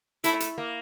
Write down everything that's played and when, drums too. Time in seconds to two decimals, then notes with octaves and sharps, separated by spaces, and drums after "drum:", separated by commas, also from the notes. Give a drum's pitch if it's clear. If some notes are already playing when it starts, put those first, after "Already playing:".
0.24 A3 E4, drum: hi-hat
0.40 drum: hi-hat
0.58 A#3